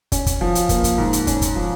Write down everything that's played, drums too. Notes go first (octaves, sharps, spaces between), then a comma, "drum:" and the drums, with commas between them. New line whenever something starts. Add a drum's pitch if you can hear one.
C#4, drum: kick, hi-hat
drum: kick, hi-hat
F3
drum: hi-hat
A#3, drum: kick, hi-hat
drum: kick, hi-hat
G#2
drum: hi-hat
C#4, drum: kick, hi-hat
drum: kick, hi-hat
F3